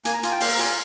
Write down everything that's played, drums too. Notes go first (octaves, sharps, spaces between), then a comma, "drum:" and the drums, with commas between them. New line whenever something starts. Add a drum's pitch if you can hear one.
A#3 G#5, drum: hi-hat
A#5
F4 G#5, drum: hi-hat
G5
A#3 F5, drum: open hi-hat
A#5
F4 G#5, drum: hi-hat